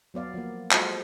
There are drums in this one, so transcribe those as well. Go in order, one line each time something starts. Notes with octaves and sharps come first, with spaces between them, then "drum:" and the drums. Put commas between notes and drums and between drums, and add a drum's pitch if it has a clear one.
F#3 B3 D5 F5
F3 A#3
G#3 F4 F#4 A4 C5 D#5, drum: clap